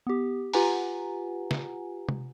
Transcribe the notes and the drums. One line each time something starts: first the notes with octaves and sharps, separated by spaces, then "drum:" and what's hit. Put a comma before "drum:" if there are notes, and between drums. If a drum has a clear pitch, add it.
B3 G4
F4 G4 B4 F#5 G#5 A#5, drum: open hi-hat
drum: snare
drum: tom C3